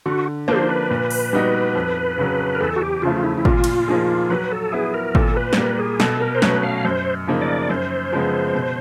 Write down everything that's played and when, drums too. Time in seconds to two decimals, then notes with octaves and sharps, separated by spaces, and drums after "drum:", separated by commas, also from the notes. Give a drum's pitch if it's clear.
0.06 D3 F#4
0.48 F3 A#3 D4 C5, drum: tom
0.69 B4
0.91 A#2
1.11 drum: open hi-hat
1.33 G3 B3 D#4 F#4
1.75 F2
2.18 C#3 F#3
2.55 A#4
2.61 E2 A4
2.76 F#4
2.81 G4
3.02 C#3 F3 A3 F4
3.16 F4
3.24 E4
3.38 E4
3.45 A#2 F4, drum: kick G#1
3.64 drum: cymbal
3.88 F3 A#3 D#4 G#4
4.30 F#3 B4
4.52 A4
4.72 B3 E4 G#4
4.94 A#4
5.15 A#2 A4, drum: kick G#1
5.36 B4
5.53 C5, drum: snare
5.57 G3 A#3 B4
5.78 G#4
6.00 B2 A4, drum: snare
6.21 A#4
6.35 C5
6.42 F#3 A3 C#4 B4, drum: snare
6.63 F5
6.85 F#2 C5
7.27 C#3 F3 A#3 D#4
7.41 D5
7.69 F#2 C5
8.12 C#3 F3 G#3 B3
8.55 B2